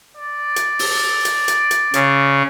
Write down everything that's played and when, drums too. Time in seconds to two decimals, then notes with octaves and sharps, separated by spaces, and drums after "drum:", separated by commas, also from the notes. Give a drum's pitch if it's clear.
0.17 D5
0.56 drum: hi-hat
0.79 drum: open hi-hat
1.25 drum: hi-hat
1.48 drum: hi-hat
1.71 drum: hi-hat
1.94 C#3, drum: hi-hat